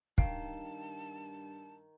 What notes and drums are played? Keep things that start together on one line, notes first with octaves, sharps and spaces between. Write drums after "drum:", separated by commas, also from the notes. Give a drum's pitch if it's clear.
G2 D#3 F5 G5 A5, drum: kick